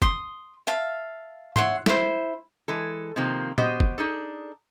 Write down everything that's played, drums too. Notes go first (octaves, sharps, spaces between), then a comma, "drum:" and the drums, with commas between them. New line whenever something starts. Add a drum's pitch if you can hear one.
C6 D#6, drum: kick
E5 F5 A5
C#5 E5 F#5 C6, drum: tom G#2
E4 C5, drum: snare
E3 G#3 A4
C3 D#3 F3 A#3 C4
B3 F#4 G4 C5 D#5, drum: tom A#2
drum: kick
D4 D#4 G#4 A4